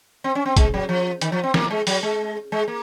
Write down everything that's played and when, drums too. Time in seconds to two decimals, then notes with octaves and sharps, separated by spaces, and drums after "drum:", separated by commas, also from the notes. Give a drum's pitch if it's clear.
0.24 C4
0.35 C#4
0.46 C4
0.57 G#3, drum: kick, hi-hat
0.74 F#3
0.89 F3
1.21 D#3, drum: hi-hat
1.32 F3
1.43 C4
1.54 A#3, drum: snare
1.71 G#3
1.87 F#3, drum: open hi-hat
2.03 G#3
2.52 G#3
2.68 A#3